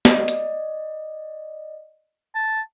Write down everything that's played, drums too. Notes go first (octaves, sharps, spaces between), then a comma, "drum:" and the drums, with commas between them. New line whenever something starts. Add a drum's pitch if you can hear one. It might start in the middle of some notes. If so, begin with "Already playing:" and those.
D5 D#5, drum: snare
drum: hi-hat
A5